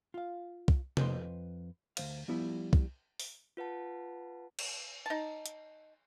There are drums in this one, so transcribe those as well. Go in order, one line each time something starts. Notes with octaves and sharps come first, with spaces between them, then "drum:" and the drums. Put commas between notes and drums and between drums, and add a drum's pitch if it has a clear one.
F4 F5
drum: kick
F2 B4 C5 D#5 C6, drum: tom C3
D2 F3 C5 F5, drum: cymbal
F3 G3 B3 E4
drum: kick
drum: open hi-hat
F4 B4 F#5 A5
drum: cymbal
D#4 A5
drum: hi-hat